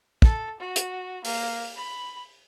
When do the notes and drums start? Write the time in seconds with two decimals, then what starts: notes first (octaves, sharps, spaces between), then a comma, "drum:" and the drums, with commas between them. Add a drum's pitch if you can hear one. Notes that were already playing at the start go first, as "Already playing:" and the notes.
0.22 A4, drum: kick
0.60 F#4
0.76 drum: hi-hat
1.25 A#3, drum: open hi-hat
1.76 B5